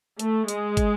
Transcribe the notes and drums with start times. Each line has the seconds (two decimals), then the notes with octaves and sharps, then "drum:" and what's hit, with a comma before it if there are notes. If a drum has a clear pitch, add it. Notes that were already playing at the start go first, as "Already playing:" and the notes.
0.19 A3, drum: hi-hat
0.48 G#3, drum: hi-hat
0.77 drum: kick, hi-hat